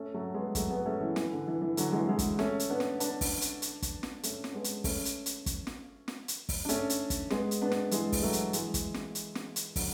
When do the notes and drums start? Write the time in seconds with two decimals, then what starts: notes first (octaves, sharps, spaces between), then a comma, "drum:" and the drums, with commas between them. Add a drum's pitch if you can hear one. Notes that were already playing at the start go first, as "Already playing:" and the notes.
Already playing: A3 C#4
0.14 F#3 A3
0.34 G#3 B3
0.55 F#3 A3, drum: kick, hi-hat
0.70 G#3 B3
0.86 A3 C#4
1.01 E3
1.16 E3, drum: snare
1.32 D3
1.47 E3
1.62 E3
1.77 D3 F#3, drum: hi-hat
1.92 E3 G#3
2.08 E3 G#3
2.19 drum: kick, hi-hat
2.39 A3 C#4, drum: snare
2.60 drum: hi-hat
2.70 B3 D4
2.80 drum: snare
3.00 B3 D4, drum: hi-hat
3.21 drum: kick, open hi-hat
3.41 drum: hi-hat
3.62 drum: hi-hat
3.82 drum: kick, hi-hat
4.03 drum: snare
4.23 A3 C#4, drum: hi-hat
4.44 drum: snare
4.54 G#3 B3
4.64 drum: hi-hat
4.84 A3 C#4, drum: kick, open hi-hat
5.05 drum: hi-hat
5.26 drum: hi-hat
5.46 drum: kick, hi-hat
5.67 drum: snare
6.08 drum: snare
6.28 drum: hi-hat
6.49 drum: kick, open hi-hat
6.65 D4
6.69 A3 C#4, drum: hi-hat
6.90 drum: hi-hat
7.10 drum: kick, hi-hat
7.30 G#3 B3, drum: snare
7.51 drum: hi-hat
7.62 B3 D4
7.72 drum: snare
7.91 E3 G#3, drum: hi-hat
8.12 drum: kick, open hi-hat
8.22 F#3 A3
8.33 drum: hi-hat
8.53 E3 G#3, drum: hi-hat
8.74 drum: kick, hi-hat
8.94 drum: snare
9.15 drum: hi-hat
9.35 drum: snare
9.56 drum: hi-hat
9.76 D3 F#3, drum: kick, open hi-hat